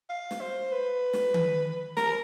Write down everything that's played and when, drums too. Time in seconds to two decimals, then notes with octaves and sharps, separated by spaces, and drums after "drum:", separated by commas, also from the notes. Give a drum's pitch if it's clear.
0.09 F5
0.31 drum: snare
0.40 C5
0.72 B4
1.13 drum: snare
1.34 drum: tom D#3
1.97 A#4, drum: snare